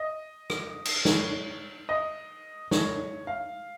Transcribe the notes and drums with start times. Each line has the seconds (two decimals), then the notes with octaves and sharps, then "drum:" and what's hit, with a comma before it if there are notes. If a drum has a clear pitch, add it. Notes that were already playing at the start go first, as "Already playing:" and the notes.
Already playing: D#5
0.50 drum: rim click
0.85 drum: cymbal
1.05 C#5, drum: snare
1.89 D#5
2.71 C#5, drum: snare
3.27 F5